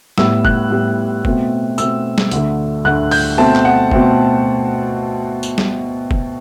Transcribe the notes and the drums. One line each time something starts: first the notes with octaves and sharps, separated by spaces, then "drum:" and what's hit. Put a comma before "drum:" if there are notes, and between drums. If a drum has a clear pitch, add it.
A2 G3 B3 E6, drum: snare
F#6, drum: kick E1
A2 G3 B3
B2 A3 C4, drum: kick E1
B2 A3 C4 E6, drum: tambourine
drum: snare
D2 D3 A3, drum: hi-hat
D2 D3 A3 F#6
G6, drum: open hi-hat
B2 A3 C4 A5
drum: clap
F#5
B2 A3 C4, drum: kick E1
drum: tambourine
drum: snare
drum: kick E1